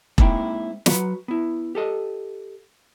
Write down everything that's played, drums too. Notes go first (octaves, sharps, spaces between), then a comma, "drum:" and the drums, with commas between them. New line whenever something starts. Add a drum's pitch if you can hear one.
G#3 A#3 C4 D#4 E4 G5, drum: kick E1
F#3 F#4 B4, drum: snare
B3 E4
G4 A4 D#5